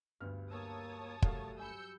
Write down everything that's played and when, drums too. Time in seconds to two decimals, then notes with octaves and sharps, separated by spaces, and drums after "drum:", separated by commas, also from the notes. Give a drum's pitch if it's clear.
0.20 D2 G2 B3 F6
0.50 A#3 C#5 A5 D#6 E6
1.22 F#3 G3 A3 F#4 A#4 F5, drum: kick
1.59 G#5 B5 E6 G6 C#7